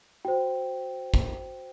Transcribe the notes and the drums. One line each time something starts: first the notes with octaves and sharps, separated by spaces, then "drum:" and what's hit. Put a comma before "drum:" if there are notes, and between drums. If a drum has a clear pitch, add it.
F#4 C5 G5
drum: kick